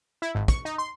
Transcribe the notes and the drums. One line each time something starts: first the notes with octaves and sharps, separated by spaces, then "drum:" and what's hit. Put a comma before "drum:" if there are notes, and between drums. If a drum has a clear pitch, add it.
E4
G#1
C#6, drum: kick, hi-hat
D#4
C6